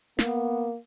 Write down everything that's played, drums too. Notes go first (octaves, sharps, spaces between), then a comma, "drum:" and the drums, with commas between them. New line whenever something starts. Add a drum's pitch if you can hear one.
A#3 B3, drum: snare